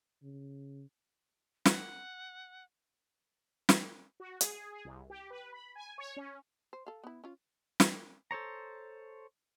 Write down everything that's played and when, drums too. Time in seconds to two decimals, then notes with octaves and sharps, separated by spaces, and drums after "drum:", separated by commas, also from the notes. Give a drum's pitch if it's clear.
0.23 C#3
1.66 F#5, drum: snare
3.69 drum: snare
4.20 F#4
4.41 G#4, drum: hi-hat
4.73 G#4
4.85 C2
5.10 G4
5.30 B4
5.53 B5
5.75 G#5
5.98 C#5
6.17 C#4
6.73 C5
6.86 A4 F5
7.04 B3 E4
7.24 C#4 F4
7.80 drum: snare
8.31 A4 C5 C#5 A#5